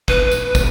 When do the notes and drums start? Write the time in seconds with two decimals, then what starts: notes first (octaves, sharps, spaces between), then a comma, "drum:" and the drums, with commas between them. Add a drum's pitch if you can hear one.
0.08 B4, drum: kick
0.31 drum: tambourine
0.55 drum: kick, tambourine